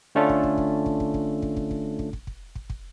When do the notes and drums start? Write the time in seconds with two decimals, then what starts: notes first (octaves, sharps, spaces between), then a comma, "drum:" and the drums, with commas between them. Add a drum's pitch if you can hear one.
0.15 D3 A3 C#4 D4 F4 A4
0.29 drum: kick
0.43 drum: kick
0.58 drum: kick
0.86 drum: kick
1.00 drum: kick
1.14 drum: kick
1.42 drum: kick
1.56 drum: kick
1.71 drum: kick
1.99 drum: kick
2.13 drum: kick
2.27 drum: kick
2.55 drum: kick
2.70 drum: kick